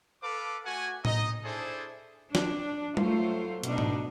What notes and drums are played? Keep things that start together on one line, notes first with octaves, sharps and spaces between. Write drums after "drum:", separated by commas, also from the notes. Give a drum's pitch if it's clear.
A4 B4 F5 D6
A3 F#4 F#5 G#5
D#4 D#5, drum: tom A2
D4 E4 G#4 A4 C5
D4, drum: snare
F#3 A3 F4 C5, drum: tom G3
B2 D4 D#4, drum: hi-hat
drum: tom G#2